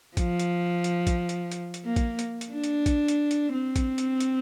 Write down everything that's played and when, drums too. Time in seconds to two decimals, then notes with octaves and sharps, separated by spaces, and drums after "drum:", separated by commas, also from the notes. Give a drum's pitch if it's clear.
0.17 F3, drum: kick A1, hi-hat
0.39 drum: hi-hat
0.84 drum: hi-hat
1.07 drum: kick A1, hi-hat
1.29 drum: hi-hat
1.52 drum: hi-hat
1.74 drum: hi-hat
1.85 A#3
1.96 drum: kick A1, hi-hat
2.19 drum: hi-hat
2.41 drum: hi-hat
2.52 D4
2.64 drum: hi-hat
2.86 drum: kick A1, hi-hat
3.08 drum: hi-hat
3.31 drum: hi-hat
3.53 C4
3.76 drum: kick A1, hi-hat
3.98 drum: hi-hat
4.20 drum: hi-hat